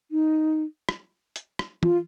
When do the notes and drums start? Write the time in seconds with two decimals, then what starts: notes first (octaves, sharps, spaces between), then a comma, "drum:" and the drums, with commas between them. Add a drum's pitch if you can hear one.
0.11 D#4
0.89 drum: rim click
1.36 drum: hi-hat
1.59 drum: rim click
1.83 F4, drum: tom